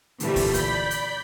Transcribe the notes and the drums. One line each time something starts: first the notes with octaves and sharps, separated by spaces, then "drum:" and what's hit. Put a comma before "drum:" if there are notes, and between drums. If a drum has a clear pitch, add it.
A#2 D3 E3 G3 A3 C4, drum: hi-hat
drum: kick C2, open hi-hat
D5 B5 G6, drum: hi-hat
drum: hi-hat